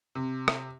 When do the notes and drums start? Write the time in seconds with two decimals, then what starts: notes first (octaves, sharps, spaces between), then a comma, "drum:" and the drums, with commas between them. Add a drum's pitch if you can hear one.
0.15 C3
0.48 drum: rim click